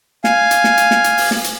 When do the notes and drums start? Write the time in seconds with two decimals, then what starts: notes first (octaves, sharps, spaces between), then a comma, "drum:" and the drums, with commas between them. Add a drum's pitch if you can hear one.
0.24 F5 G#5, drum: snare
0.51 drum: hi-hat
0.64 drum: snare
0.77 drum: hi-hat
0.91 drum: snare
1.04 drum: hi-hat
1.18 drum: open hi-hat
1.31 drum: snare
1.44 drum: hi-hat